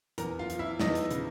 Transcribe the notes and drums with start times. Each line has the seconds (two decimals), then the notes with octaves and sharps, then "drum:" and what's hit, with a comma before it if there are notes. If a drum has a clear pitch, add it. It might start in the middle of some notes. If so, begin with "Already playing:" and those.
0.18 E2 A#4 A#5, drum: hi-hat
0.39 F4 F5
0.50 F3, drum: hi-hat
0.59 E4 E5
0.79 E2 D#4 D#5, drum: snare
0.95 drum: hi-hat
1.11 C#3, drum: hi-hat